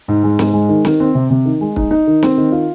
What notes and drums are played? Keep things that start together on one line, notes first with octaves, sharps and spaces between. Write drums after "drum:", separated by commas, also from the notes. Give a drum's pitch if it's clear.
G#2
G#3
G#2, drum: snare
G#3
D#3
D#3, drum: snare
C4
C3
C3
D#3
G#3
D#4, drum: kick
D#4
D#3
C4, drum: snare
D#3
F4